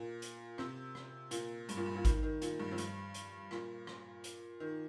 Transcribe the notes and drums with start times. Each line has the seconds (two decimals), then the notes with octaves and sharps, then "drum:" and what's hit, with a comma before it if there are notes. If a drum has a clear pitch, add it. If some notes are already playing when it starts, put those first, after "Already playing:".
Already playing: A#2
0.22 drum: hi-hat
0.58 C3, drum: rim click
0.95 drum: rim click
1.31 A#2, drum: hi-hat
1.69 G2, drum: hi-hat
1.77 A#2
1.86 G2
1.96 A#2
2.05 D#3, drum: kick G#1, hi-hat
2.23 D#3
2.42 A#2, drum: hi-hat
2.60 G2
2.71 F2
2.78 G2, drum: hi-hat
3.14 drum: hi-hat
3.51 A#2, drum: rim click
3.87 drum: rim click
4.24 drum: hi-hat
4.60 D#3